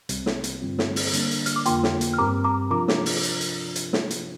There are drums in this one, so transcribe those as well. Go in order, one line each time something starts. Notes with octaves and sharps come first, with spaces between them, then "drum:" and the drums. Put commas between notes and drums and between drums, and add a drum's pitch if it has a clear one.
C2 C3 G3 C4, drum: hi-hat
drum: snare
drum: hi-hat
G2 D3 G3 C4 F4
drum: snare
drum: open hi-hat
D3 G3 A#3 D4, drum: hi-hat
drum: hi-hat
F6, drum: hi-hat
D6
F2 D3 A#3 F4 G5 C6, drum: hi-hat
drum: snare
drum: hi-hat
F6
G2 G3 C4 G4 A#4 A#5 D6
A#5 D6
C3 F3 D4 F4 A#4 A#5 D6
drum: snare
drum: open hi-hat
drum: hi-hat
drum: hi-hat
drum: hi-hat
drum: snare
drum: hi-hat